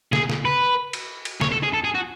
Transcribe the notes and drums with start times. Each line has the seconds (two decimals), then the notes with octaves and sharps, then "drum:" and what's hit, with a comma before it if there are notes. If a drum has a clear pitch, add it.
0.13 G#4, drum: snare
0.30 drum: snare
0.45 B4
0.93 drum: cymbal
1.25 drum: cymbal
1.41 C#5, drum: snare
1.52 A4
1.63 G#4
1.73 A4
1.84 G#4
1.94 F#4